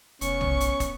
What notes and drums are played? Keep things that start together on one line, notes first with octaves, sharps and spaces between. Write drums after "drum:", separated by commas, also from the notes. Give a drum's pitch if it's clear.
F1 B3 C#4 C#6, drum: hi-hat
drum: tom
drum: hi-hat
drum: kick, hi-hat